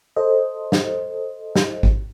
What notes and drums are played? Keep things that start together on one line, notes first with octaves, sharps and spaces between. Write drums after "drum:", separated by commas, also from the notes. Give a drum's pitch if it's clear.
A4 C5 D#5
drum: snare
drum: snare
drum: kick G#1